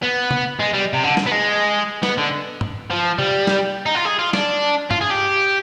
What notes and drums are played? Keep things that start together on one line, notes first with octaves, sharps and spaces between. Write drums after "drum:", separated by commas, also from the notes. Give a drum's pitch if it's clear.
B3
drum: tom
G#3
G3
C3
D3
drum: snare
B3
G#3
B3, drum: snare
D3
drum: tom
F3
G3, drum: tom
drum: snare
D#4
F4
G#4
F4
D4, drum: snare
F4, drum: tom
G#4
G4